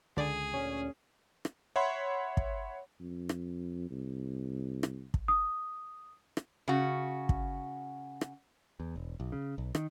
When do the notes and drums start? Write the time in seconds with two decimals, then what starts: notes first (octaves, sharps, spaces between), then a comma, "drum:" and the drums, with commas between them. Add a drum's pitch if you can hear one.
0.17 C#2 D3 G#4 D5
0.53 D2 A#2 C#4
1.45 drum: rim click
1.76 C#5 E5 F#5 B5 C6
2.37 drum: kick
3.00 F2
3.29 drum: rim click
3.90 C2
4.83 drum: rim click
5.14 drum: kick
5.28 D#6
6.37 drum: rim click
6.68 C#3 F#4
7.29 drum: kick
8.21 drum: rim click
8.80 E2
8.96 E1
9.20 B1
9.32 C#3
9.58 B1
9.75 D#3, drum: rim click